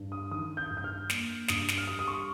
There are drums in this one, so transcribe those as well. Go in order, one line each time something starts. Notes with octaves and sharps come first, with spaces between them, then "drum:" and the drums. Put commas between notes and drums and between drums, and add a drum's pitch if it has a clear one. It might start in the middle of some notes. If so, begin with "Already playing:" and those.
Already playing: G2
D#6
D#3 D#6
G6
G2
G6
F6
A#3, drum: snare
G2 D#6, drum: snare
drum: snare
F6
G3 D#6
D#6
C#6